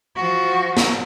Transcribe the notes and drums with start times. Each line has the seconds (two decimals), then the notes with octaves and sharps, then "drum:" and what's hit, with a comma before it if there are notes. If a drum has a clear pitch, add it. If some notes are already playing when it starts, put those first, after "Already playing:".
0.16 F3 F#4
0.77 drum: snare